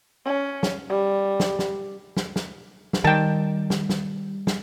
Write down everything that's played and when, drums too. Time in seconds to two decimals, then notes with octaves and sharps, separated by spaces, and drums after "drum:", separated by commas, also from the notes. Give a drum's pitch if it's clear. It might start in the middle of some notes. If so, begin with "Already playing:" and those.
0.24 C#4
0.63 drum: snare
0.89 G3
1.40 drum: snare
1.59 drum: snare
2.17 drum: snare
2.36 drum: snare
2.93 drum: snare
3.05 D#3 G3 G5 A5
3.70 drum: snare
3.89 drum: snare
4.47 drum: snare